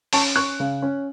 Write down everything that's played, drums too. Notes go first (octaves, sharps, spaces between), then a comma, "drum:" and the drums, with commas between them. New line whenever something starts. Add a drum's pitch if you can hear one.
C#4 A5 C#6, drum: open hi-hat
C#4 C#6 F#6
C#3
C#4